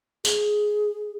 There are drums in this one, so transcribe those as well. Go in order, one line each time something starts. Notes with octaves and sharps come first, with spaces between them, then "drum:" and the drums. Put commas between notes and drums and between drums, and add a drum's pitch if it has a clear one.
G#4, drum: tambourine